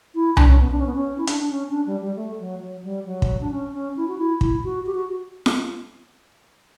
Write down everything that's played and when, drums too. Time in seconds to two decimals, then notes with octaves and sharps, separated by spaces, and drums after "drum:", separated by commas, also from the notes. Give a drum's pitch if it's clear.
0.15 E4
0.37 D4, drum: tom C2
0.48 C#4
0.60 B3
0.71 D4
0.79 C#4
0.86 B3
0.95 C#4
1.18 E4
1.27 D4, drum: hi-hat
1.40 D4
1.50 C#4
1.67 C#4
1.71 D4
1.86 G3
2.02 G3
2.16 A3
2.39 F#3
2.61 F#3
2.84 G3
3.06 F#3
3.22 drum: kick
3.41 D4
3.51 C#4
3.73 C#4
3.97 E4
4.08 F#4
4.18 E4
4.41 E4, drum: kick
4.64 F#4
4.86 G4
4.95 F#4
5.46 drum: snare